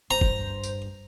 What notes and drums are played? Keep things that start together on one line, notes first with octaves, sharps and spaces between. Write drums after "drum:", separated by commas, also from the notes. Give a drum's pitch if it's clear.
G2 C5 A#5
drum: kick F#1
drum: tambourine